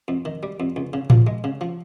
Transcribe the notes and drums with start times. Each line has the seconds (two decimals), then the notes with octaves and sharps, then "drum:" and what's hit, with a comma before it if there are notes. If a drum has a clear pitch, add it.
0.08 F2
0.25 D#3
0.43 G3
0.60 F2
0.76 C#2
0.93 C#3
1.10 F3, drum: tom A2
1.27 G#3
1.44 C#3
1.61 F3